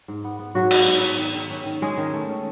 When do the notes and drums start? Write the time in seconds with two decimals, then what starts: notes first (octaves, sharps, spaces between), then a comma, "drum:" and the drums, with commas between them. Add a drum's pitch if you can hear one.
0.08 G#2
0.24 B3
0.39 B3
0.55 G#2 F#3 F#4
0.71 B3, drum: cymbal
0.88 G#2
1.03 G#2
1.18 D#3
1.35 D#3
1.51 C#4
1.65 D#3
1.82 G#3 C#4 G#4
1.97 D#3
2.13 A3
2.29 C#4